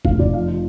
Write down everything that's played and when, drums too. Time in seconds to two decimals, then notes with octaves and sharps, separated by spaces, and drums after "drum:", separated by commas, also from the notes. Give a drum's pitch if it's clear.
0.05 F1 F5, drum: kick F#1
0.19 F1 D5
0.34 F3 F5
0.48 F3